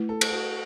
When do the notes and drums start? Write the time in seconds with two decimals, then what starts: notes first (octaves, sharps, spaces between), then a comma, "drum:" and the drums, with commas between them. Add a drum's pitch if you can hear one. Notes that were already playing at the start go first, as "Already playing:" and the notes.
Already playing: A3 E4 B4
0.09 A4
0.21 drum: cymbal
0.30 F#4